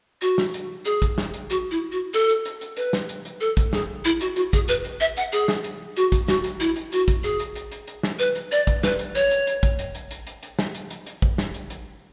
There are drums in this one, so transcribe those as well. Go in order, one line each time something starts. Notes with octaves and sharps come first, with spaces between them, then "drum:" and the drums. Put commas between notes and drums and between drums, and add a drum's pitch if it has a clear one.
F#4, drum: hi-hat
drum: snare
drum: hi-hat
G#4, drum: hi-hat
drum: kick, hi-hat
drum: snare
drum: hi-hat
F#4, drum: hi-hat
E4
F#4
A4, drum: hi-hat
drum: hi-hat
drum: hi-hat
drum: hi-hat
B4, drum: hi-hat
drum: snare
drum: hi-hat
drum: hi-hat
A4
drum: kick, hi-hat
G#4, drum: snare
E4, drum: hi-hat
F#4, drum: hi-hat
F#4, drum: hi-hat
G#4, drum: kick, hi-hat
B4, drum: hi-hat
drum: hi-hat
E5, drum: hi-hat
F#5, drum: hi-hat
G#4, drum: hi-hat
drum: snare
drum: hi-hat
F#4, drum: hi-hat
drum: kick, hi-hat
F#4, drum: snare
drum: hi-hat
E4, drum: hi-hat
drum: hi-hat
F#4, drum: hi-hat
drum: kick, hi-hat
G#4, drum: hi-hat
drum: hi-hat
drum: hi-hat
drum: hi-hat
drum: hi-hat
drum: snare
B4, drum: hi-hat
drum: hi-hat
D5, drum: hi-hat
drum: kick, hi-hat
B4, drum: snare
drum: hi-hat
C#5, drum: hi-hat
drum: hi-hat
drum: hi-hat
drum: kick, hi-hat
drum: hi-hat
drum: hi-hat
drum: hi-hat
drum: hi-hat
drum: hi-hat
drum: snare
drum: hi-hat
drum: hi-hat
drum: hi-hat
drum: kick
drum: snare
drum: hi-hat
drum: hi-hat